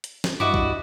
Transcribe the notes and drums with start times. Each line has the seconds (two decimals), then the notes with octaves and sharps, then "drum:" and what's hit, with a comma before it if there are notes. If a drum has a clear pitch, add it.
0.04 drum: hi-hat
0.24 drum: snare
0.40 G2 E4 F#4 D#5 A5 D6
0.54 drum: kick